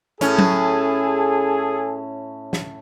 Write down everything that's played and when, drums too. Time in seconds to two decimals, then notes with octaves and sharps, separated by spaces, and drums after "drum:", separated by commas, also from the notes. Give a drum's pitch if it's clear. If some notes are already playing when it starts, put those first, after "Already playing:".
0.21 A2 C#4 G#4 A4, drum: hi-hat
0.38 drum: tom F#3
2.53 drum: snare